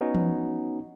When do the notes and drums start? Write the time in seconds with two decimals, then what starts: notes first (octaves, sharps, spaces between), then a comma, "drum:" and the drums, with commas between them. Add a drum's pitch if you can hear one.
0.01 B3 C#4 D#4 F#4
0.15 drum: tom E3